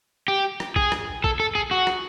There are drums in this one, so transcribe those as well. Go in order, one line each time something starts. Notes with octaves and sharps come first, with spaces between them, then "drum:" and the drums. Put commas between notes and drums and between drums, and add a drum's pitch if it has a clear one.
G4
drum: rim click
G#4, drum: kick
drum: rim click
A4, drum: kick
A4
G#4
F#4
drum: rim click